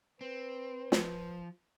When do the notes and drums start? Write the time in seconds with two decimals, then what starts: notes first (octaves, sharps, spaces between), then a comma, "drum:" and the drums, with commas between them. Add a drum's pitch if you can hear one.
0.21 C4 B4
0.92 F3, drum: snare